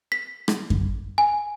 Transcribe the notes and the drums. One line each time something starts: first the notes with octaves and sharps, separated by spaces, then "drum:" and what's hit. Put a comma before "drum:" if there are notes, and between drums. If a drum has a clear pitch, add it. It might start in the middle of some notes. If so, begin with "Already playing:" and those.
B6
drum: rim click
drum: kick F#2
G#5